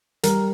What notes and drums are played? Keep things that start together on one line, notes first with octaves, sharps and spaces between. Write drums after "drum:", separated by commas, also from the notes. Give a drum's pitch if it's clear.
G3 A#4, drum: hi-hat